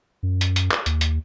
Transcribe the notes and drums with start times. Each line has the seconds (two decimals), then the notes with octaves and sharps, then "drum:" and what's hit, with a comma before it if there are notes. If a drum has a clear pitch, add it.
0.23 F#2
0.41 drum: hi-hat
0.56 drum: hi-hat
0.71 drum: clap
0.86 D#2, drum: hi-hat
1.01 drum: hi-hat